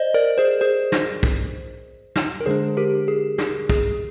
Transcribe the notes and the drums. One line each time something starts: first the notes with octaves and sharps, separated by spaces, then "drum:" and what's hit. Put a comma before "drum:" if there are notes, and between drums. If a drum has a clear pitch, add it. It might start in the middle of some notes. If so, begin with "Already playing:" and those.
Already playing: C5 D5 D#5
A#4 D5
G#4 C5
G#4 C5
drum: snare
drum: kick
drum: snare
A#4
D3 G#3 D4 G#4 C5
G4 A#4
G#4
G#4, drum: snare
G#4, drum: kick